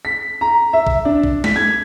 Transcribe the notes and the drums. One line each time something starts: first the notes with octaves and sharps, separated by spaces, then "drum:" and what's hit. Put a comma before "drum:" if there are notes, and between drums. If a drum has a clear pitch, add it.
B6
A#5
E5
drum: kick A#1
D4
drum: kick A#1
B6, drum: snare
G#6